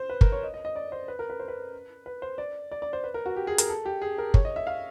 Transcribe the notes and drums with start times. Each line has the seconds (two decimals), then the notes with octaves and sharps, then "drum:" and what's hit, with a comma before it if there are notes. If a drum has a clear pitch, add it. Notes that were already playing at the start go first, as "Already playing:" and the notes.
Already playing: C5
0.10 B4
0.21 A#4, drum: kick
0.32 C#5
0.43 D#5
0.54 D#5
0.65 D#5
0.76 D5
0.92 C5
1.08 B4
1.19 A#4
1.30 B4
1.40 C5
1.48 B4
2.06 B4
2.22 C5
2.38 D5
2.72 D5
2.82 D5
2.93 C5
3.04 B4
3.14 A#4
3.26 F#4
3.36 G4
3.47 G#4
3.58 A#4, drum: hi-hat
3.69 A4
3.85 G4
4.02 G#4
4.18 A#4
4.34 C#5, drum: kick
4.45 D#5
4.56 E5
4.67 F5